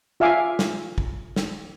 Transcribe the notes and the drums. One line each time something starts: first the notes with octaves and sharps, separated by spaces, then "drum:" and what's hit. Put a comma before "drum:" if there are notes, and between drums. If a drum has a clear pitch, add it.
F4 E5 F5 G#5 D6
drum: snare
drum: kick
drum: snare